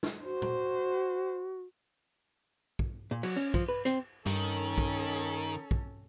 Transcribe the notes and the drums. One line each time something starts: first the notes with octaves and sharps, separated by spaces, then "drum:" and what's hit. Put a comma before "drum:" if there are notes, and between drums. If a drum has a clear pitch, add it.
drum: snare
F#4 C5
drum: tom A#2
drum: kick
A#2
F#3, drum: cymbal
C#4
F3, drum: kick
B4
C4, drum: hi-hat
G2 D#3 C#4 A4, drum: hi-hat
drum: kick
drum: kick